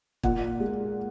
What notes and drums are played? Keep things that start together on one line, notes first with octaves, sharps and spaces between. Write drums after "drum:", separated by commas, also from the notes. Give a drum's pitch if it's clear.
A#2 F#5, drum: kick
G#3